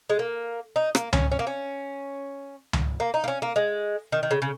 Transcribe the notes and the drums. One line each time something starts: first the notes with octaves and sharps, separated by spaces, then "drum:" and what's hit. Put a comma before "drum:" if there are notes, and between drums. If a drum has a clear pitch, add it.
G#3
A#3
D#4
A#3, drum: rim click
C#4, drum: tom C#2
C#4
A#3
C#4
drum: tom C#2
A#3
D#4
A#3
C#4
A#3
G#3
D#3
D#3
C#3
C#3